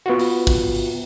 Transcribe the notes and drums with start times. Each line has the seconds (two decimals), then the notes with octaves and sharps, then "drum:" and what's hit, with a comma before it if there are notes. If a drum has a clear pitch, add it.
0.06 B3 F4 F#4
0.19 drum: open hi-hat
0.47 drum: kick, open hi-hat
0.75 drum: open hi-hat